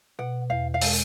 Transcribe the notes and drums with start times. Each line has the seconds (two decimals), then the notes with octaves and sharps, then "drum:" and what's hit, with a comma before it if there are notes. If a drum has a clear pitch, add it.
0.19 B2 F#5
0.50 E2 F5
0.74 F5
0.81 G#3, drum: open hi-hat